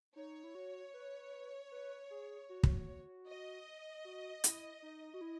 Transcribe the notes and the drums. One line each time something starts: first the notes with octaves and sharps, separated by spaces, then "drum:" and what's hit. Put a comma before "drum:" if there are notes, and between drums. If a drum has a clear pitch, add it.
D#4 C#5
E4
F#4
B4
B4
G#4
F#4
drum: kick
D#5
F#4
E4, drum: hi-hat
D#4
F#4
E4